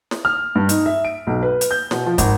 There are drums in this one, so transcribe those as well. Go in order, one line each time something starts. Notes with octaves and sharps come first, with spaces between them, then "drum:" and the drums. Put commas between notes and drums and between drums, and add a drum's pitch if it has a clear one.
drum: snare
F6
G2
D#4, drum: hi-hat
E5
D7
B1
B4
drum: hi-hat
G6
B2, drum: snare
F3
G#1, drum: kick, hi-hat